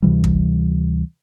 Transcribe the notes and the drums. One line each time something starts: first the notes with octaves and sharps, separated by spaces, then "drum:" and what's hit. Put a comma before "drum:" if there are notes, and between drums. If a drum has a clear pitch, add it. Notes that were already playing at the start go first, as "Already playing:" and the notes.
D2 C3 E3 G3
drum: kick